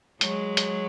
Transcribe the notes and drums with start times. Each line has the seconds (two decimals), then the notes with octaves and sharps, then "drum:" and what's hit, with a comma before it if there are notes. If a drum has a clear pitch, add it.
0.21 F#3 G#3, drum: hi-hat
0.57 drum: hi-hat